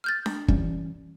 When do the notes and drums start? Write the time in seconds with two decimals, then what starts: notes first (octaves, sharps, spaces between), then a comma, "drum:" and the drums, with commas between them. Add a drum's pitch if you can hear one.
0.04 F6 G6 A6
0.26 drum: snare D4
0.48 E3 G3 C#4, drum: kick